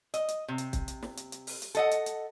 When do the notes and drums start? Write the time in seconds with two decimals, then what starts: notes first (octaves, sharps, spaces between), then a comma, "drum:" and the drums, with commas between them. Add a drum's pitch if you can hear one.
0.14 D#5, drum: hi-hat
0.28 drum: hi-hat
0.48 C3
0.58 drum: hi-hat
0.73 drum: kick, hi-hat
0.88 drum: hi-hat
1.03 drum: snare
1.17 drum: hi-hat
1.32 drum: hi-hat
1.47 drum: open hi-hat
1.62 drum: hi-hat
1.75 A4 D#5 F#5, drum: hi-hat
1.91 drum: hi-hat
2.06 drum: hi-hat